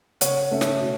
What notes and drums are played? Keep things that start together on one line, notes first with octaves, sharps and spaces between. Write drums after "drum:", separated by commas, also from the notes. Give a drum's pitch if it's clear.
C#3 C#5 F#5, drum: hi-hat
A3 C#4 E5
A4 C#5, drum: snare
B2